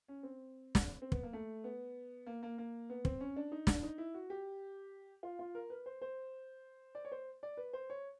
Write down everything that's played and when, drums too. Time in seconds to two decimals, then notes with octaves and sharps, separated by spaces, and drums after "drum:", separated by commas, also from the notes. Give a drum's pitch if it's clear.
0.08 C#4
0.23 C4
0.75 drum: snare
1.02 C4
1.12 B3, drum: kick
1.23 A#3
1.33 A3
1.64 B3
2.27 A#3
2.43 A#3
2.58 A#3
2.90 B3
3.05 C4, drum: kick
3.20 C#4
3.36 D4
3.52 D#4
3.67 D4, drum: snare
3.83 D#4
3.98 E4
4.14 F#4
4.30 G4
5.23 F4
5.39 F4
5.55 A#4
5.70 B4
5.86 C5
6.02 C5
6.95 D5
7.05 C#5
7.12 C5
7.43 D5
7.57 B4
7.73 C5
7.90 C#5